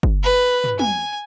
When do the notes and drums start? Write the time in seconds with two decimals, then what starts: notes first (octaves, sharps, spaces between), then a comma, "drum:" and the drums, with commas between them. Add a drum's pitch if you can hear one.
0.03 drum: kick G1
0.23 B4
0.64 drum: tom
0.79 G#5, drum: tom